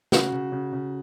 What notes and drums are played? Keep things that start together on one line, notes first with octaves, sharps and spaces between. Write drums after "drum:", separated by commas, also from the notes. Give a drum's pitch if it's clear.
C#3 F#4, drum: snare
C#3
C#3
C#3